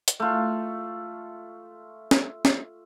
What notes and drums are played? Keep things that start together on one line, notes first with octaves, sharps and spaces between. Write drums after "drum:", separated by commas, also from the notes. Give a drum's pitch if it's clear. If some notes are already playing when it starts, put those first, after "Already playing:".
drum: hi-hat
A3 F4
drum: snare
drum: snare